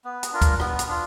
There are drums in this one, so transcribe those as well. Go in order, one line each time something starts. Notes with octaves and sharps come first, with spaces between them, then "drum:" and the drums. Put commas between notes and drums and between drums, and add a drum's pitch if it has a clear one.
B3
drum: hi-hat
D4 F4 A#4
drum: kick, hi-hat
B3, drum: rim click
drum: hi-hat
D4 F4